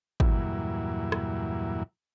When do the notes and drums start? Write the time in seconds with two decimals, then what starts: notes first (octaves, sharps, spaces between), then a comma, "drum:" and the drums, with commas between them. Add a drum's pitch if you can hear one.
0.20 E2 G2 A#2 F#3 E4, drum: kick G#1
1.12 drum: rim click